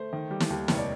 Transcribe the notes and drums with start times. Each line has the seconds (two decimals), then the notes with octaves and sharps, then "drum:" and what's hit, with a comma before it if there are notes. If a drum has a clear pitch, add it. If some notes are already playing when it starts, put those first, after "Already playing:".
Already playing: A3 C5
0.13 D#3
0.31 G3
0.40 drum: snare
0.50 D#2
0.68 F1 C#5, drum: snare
0.78 D5